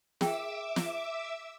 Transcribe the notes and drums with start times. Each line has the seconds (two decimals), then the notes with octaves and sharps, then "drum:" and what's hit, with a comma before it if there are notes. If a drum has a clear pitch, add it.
0.21 G#4 A#4 E5 G5 D6 E6, drum: snare
0.76 drum: snare